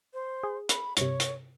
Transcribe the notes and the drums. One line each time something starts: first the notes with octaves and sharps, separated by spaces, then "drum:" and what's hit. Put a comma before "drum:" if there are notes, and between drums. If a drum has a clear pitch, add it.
C5
G#4
B5, drum: hi-hat
G2 C3 C#5, drum: hi-hat
drum: hi-hat